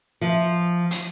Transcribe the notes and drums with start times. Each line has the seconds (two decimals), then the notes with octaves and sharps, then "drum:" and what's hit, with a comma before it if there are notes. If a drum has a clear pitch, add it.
0.21 F3
0.91 drum: hi-hat